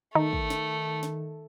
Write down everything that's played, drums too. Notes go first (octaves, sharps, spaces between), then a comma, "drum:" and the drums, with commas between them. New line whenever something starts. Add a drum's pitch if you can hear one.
D#3 A3 D#4
drum: kick
drum: snare
drum: snare